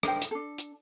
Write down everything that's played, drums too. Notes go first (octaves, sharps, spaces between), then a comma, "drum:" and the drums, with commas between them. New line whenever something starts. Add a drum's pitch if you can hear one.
D4 A#4 C5 G5, drum: rim click
drum: hi-hat
D4 A4
drum: hi-hat